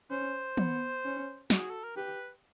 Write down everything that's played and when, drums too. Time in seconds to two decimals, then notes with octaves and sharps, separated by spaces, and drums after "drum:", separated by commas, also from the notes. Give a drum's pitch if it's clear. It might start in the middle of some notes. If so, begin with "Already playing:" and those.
0.10 C#4 C5
0.57 B3, drum: tom
1.05 C#4
1.50 F#4, drum: snare
1.56 G#4
1.70 A4
1.84 A#4
1.96 G4 B4